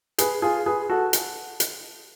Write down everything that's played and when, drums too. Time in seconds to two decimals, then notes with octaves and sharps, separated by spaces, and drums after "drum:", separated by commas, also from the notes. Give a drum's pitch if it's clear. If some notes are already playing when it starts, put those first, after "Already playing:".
0.18 G#4 B4, drum: hi-hat
0.42 F4 G#4
0.66 G#4 B4
0.90 F#4 A4
1.13 drum: hi-hat
1.60 drum: hi-hat